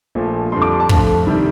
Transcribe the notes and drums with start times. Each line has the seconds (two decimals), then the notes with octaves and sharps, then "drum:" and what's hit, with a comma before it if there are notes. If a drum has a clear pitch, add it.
0.15 A#1 A#2 F3 A3
0.52 F2 D3 G3 C6
0.62 D6
0.80 A5
0.89 F2 D3 F3 A3, drum: kick
1.27 C3 D#3 G3